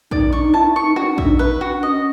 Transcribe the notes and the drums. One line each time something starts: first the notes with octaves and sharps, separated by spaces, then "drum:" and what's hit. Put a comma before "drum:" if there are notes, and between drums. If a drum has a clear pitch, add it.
D#4 D5, drum: kick A#1
D4 C#6
D#4
E4 A5
C#6
D#4
D4 F#4, drum: rim click
D4
E5, drum: kick A#1
D#4
D4 B4
F#4
C#4 D#5